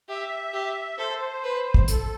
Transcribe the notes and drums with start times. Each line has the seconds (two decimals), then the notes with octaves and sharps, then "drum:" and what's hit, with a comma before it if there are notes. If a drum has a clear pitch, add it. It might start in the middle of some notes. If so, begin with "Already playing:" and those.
0.09 G4 E5
0.54 G4
0.98 A4 C5
1.44 B4
1.74 drum: kick
1.88 A4, drum: hi-hat